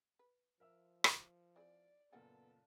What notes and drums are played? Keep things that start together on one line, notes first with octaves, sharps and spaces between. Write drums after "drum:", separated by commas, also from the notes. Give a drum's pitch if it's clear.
B4
F3 A#4 E5 E6
drum: rim click
E3 C4 G#4 D5
F#1 A#2 B3 A4 A#4 F#5 G#5 A6